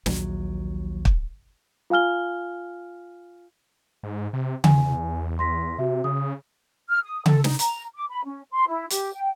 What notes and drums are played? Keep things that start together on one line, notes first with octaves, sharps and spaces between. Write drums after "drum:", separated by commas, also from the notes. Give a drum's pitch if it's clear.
A#1 D#2 F#3, drum: snare
drum: kick
F4 F5 G#5 F6 G7
G#2
C3
E2 G#5, drum: tom C#3
C6 A#6 B6
C3 F#4 E5
C#3 D#6
F6
D#6
A4, drum: tom C#3
D#4, drum: snare
A#5, drum: hi-hat
D6
B5
C#4
C6
E4
G4, drum: hi-hat
G5